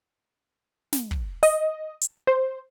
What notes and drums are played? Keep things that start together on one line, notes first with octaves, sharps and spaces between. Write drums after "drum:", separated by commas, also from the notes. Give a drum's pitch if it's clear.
drum: snare
drum: kick
D#5, drum: open hi-hat
drum: hi-hat
C5